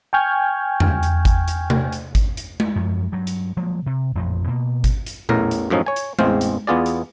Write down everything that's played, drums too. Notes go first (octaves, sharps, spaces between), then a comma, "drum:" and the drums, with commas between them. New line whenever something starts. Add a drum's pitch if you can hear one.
G5 G#5 C#6 F6 G6 G#6
drum: tom E2
drum: hi-hat
drum: kick G#1, hi-hat
drum: hi-hat
drum: tom C3
drum: hi-hat
drum: kick G#1, hi-hat
drum: hi-hat
drum: tom G#3
F#2 F3 F#3
G2 F#3
drum: hi-hat
F3 F#3 G#3 A#3
C3
A1 F2 A#2 F3
B2 A#3
drum: kick G#1, hi-hat
drum: hi-hat
A1 E2 A2 A#4, drum: tom A#2
drum: hi-hat
F#2 A2 F3 C#4 D#4
C#5 G#5
drum: hi-hat
A1 E2 G#3 C4 C5 F5, drum: tom G#3
drum: hi-hat
E2 B3 F4 G#4 D5
drum: hi-hat